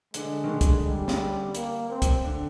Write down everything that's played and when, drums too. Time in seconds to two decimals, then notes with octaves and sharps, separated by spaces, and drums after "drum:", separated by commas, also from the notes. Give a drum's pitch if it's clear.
0.14 D3 G#3, drum: hi-hat
0.44 D#3
0.49 D3
0.61 drum: kick, hi-hat
0.84 G3
1.08 drum: snare
1.55 A#3, drum: hi-hat
1.90 C4
2.02 drum: kick, hi-hat
2.25 D3